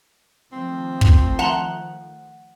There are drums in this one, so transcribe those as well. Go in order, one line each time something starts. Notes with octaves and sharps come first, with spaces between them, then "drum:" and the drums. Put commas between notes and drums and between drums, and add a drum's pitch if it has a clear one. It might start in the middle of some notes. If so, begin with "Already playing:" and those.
D#3 F3 A3 C4
drum: kick
F#5 A5 A#5 C6